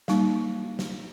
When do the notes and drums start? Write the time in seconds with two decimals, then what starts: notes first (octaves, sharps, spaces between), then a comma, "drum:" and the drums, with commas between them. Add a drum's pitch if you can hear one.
0.08 G3 A#3 D#4, drum: snare
0.79 drum: snare